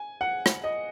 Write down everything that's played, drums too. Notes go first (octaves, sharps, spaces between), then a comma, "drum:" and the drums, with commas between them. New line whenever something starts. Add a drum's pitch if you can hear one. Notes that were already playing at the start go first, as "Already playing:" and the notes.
Already playing: G#5
F#5
drum: rim click
D#5